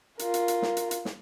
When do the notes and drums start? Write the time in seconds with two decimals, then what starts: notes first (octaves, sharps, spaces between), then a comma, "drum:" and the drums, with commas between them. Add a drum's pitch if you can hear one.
0.19 F4 A#4, drum: hi-hat
0.34 drum: hi-hat
0.48 drum: hi-hat
0.62 drum: snare
0.77 drum: hi-hat
0.91 drum: hi-hat
1.05 drum: snare